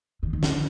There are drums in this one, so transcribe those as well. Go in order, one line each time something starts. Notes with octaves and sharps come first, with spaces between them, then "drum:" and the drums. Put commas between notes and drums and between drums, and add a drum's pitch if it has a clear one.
D#3
D#3
D3, drum: snare